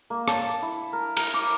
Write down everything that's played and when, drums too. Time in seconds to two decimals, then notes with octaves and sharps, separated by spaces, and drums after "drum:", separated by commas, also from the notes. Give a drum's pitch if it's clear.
0.10 A#3
0.28 A5, drum: rim click
0.62 E4
0.93 A#4
1.17 A#4, drum: cymbal
1.34 D6